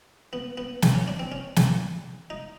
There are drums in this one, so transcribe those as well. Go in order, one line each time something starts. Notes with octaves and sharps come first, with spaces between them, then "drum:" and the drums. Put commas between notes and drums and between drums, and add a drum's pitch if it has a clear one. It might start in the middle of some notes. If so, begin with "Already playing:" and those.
B3
B3
drum: snare
C#4
D4
C4
C#4
drum: snare
D#4